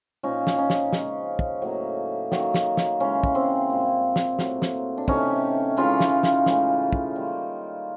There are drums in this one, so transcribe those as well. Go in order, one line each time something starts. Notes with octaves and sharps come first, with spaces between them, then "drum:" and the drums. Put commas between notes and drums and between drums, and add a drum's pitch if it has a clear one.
A#2 F3 A#3 C#4 D#4
drum: snare
C#4 D#4
drum: snare
C#3 F3 G#3, drum: snare
drum: kick
A2 F#3 A#3
D#3 F#3 A#3, drum: snare
drum: snare
drum: snare
C#3 E3 G#3 C#4
drum: kick
C4
A#2 G3 A#3
drum: snare
A2 F#3 A#3, drum: snare
drum: snare
D4
C3 E3 A3 C#4 D#4, drum: kick
C#3 E3 G#3 D#4 F4
drum: snare
drum: snare
A2 E3 G#3, drum: snare
drum: kick
D#3 G3 A#3